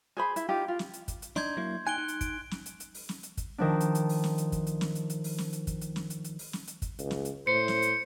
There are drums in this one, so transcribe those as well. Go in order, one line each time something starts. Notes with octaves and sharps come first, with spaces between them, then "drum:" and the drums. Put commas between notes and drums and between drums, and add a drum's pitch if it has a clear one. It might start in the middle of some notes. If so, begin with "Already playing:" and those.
G#4 C5 B5
E4, drum: hi-hat
D#4 F4 G4
F4
drum: snare
drum: hi-hat
drum: kick, hi-hat
drum: hi-hat
D4 D#4 C6 G6 G#6, drum: snare
F#3 A#3 E4
D#4 G5 G#5 F#6 D7 G7
D#4
drum: hi-hat
D7, drum: kick, hi-hat
drum: snare
drum: hi-hat
drum: hi-hat
drum: open hi-hat
drum: snare
drum: hi-hat
drum: kick, hi-hat
D#3 F3 D4
drum: hi-hat
drum: hi-hat
drum: open hi-hat
drum: snare
drum: hi-hat
drum: kick, hi-hat
drum: hi-hat
drum: snare
drum: hi-hat
drum: hi-hat
drum: open hi-hat
drum: snare
drum: hi-hat
drum: kick, hi-hat
drum: hi-hat
drum: snare
drum: hi-hat
drum: hi-hat
drum: open hi-hat
drum: snare
drum: hi-hat
drum: kick, hi-hat
C#2, drum: hi-hat
drum: snare
drum: hi-hat
A2 C5 C#7
drum: snare
drum: hi-hat